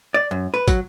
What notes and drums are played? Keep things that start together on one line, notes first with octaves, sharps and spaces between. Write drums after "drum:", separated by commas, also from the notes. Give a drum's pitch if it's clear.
D5
F#2
B4
F#3, drum: kick, hi-hat